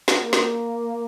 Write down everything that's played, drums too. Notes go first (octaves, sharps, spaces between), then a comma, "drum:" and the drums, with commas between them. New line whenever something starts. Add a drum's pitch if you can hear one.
drum: snare
A#3
drum: snare